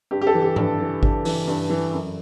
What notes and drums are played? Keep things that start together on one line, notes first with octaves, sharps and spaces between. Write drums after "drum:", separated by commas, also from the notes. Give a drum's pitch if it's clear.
G2 G4
G4
A4
E3
G4
G2, drum: tom G#2
E3
G2, drum: kick G#1
E3, drum: open hi-hat
G2
E3
F#2